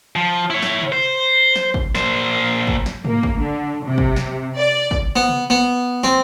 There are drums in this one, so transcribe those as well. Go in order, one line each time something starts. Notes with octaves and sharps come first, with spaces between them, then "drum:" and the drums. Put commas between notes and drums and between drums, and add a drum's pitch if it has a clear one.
F3
E4 C#5
drum: snare
drum: tom C3
C5
drum: snare
drum: kick
A#2 C5, drum: snare
drum: kick
drum: snare
A#3, drum: tom G#2
drum: kick
D3
C3
drum: kick
drum: snare
D5
drum: kick
B3
drum: tom C3
B3
C4, drum: snare